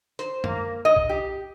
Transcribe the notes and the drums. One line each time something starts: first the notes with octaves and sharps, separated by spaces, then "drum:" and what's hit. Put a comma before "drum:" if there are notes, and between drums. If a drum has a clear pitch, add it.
C5, drum: hi-hat
A#3, drum: tom F#2
D#5
drum: kick A1
G4